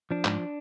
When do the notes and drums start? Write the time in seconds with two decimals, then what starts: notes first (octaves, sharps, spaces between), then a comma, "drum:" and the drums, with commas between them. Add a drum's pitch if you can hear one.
0.11 F3 D4
0.25 G#2, drum: clap